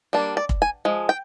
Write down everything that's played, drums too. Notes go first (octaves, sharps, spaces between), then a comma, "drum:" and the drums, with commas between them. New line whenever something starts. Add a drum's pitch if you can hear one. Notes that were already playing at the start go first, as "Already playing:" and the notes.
G3 A#3 D4
D5
drum: kick
G#5
F3 G#3
G5